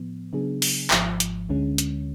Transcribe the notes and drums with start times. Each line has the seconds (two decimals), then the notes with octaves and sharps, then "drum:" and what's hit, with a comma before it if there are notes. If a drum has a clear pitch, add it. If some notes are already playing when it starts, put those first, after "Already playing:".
Already playing: A2 F3 B3
0.33 C#3 F#3 B3 D4 G#4
0.62 drum: open hi-hat
0.91 G#1 G#2 F3, drum: clap
1.20 drum: hi-hat
1.49 D2 D3 G#3 C#4
1.78 drum: hi-hat